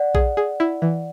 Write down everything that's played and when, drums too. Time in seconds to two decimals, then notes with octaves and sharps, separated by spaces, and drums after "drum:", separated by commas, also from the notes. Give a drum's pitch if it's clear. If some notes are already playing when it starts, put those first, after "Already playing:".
Already playing: D5 F#5
0.15 G#4, drum: kick A#1
0.37 G#4
0.60 E4
0.82 E3